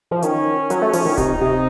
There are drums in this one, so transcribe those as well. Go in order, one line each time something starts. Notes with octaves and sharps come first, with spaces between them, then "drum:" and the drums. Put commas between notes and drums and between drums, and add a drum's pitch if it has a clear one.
F3
D#3 C#4, drum: hi-hat
F#3, drum: hi-hat
A3
F3, drum: open hi-hat
D#3
C3 D#4, drum: kick D1, hi-hat
C3